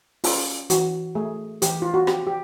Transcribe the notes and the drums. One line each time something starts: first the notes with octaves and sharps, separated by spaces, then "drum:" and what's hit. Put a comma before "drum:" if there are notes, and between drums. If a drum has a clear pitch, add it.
C#4 F4, drum: open hi-hat
E3 F#4, drum: hi-hat
A3 G#4
E3 G4, drum: hi-hat
F4
F#4
C4 G4, drum: rim click
G4